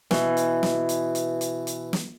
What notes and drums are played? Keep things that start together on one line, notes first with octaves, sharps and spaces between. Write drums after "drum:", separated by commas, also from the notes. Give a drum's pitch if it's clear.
B2 E3, drum: snare
drum: hi-hat
drum: snare
drum: hi-hat
drum: hi-hat
drum: hi-hat
drum: hi-hat
drum: snare